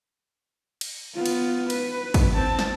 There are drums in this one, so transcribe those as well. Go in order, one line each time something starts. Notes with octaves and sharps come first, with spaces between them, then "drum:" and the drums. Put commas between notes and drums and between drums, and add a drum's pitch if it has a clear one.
drum: cymbal
B3 F4
drum: cymbal
B4, drum: cymbal
drum: kick, cymbal
C4 A5
drum: snare